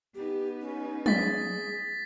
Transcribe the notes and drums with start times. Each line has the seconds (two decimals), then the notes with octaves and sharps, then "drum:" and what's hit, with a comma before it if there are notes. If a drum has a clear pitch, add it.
0.15 B3 D#4 G4
0.61 C#4
1.06 G#4 A6 B6, drum: tom